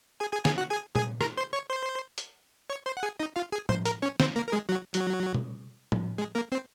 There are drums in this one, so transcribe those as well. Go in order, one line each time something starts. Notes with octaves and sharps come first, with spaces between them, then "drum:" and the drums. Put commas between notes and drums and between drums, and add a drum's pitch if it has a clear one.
G#4 G#5
G#4 G#5
G#4 G#5, drum: snare
F#4 F#5
G#4 G#5
G#4 G#5, drum: tom A#2
A#4 A#5, drum: rim click
C5 C6
C#5 C#6
C5 C6
drum: hi-hat
C#5 C#6
C5 C6
F#5
G#4 G#5
D#4 D#5
F4 F5
G#4 G#5
C5 C6, drum: tom
A#4 A#5, drum: hi-hat
C#4 C#5
C4 C5, drum: snare
A#3 A#4
A#4
G#3 G#4
F#3 F#4
F#3 F#4, drum: hi-hat
drum: tom B2
drum: tom
G#3 G#4
A#3 A#4
C4 C5